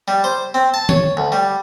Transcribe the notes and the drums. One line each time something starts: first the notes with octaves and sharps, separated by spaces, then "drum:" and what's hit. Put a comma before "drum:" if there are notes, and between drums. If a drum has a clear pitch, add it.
G3
C5
C4
A5
C#5, drum: tom D#3
D2
G3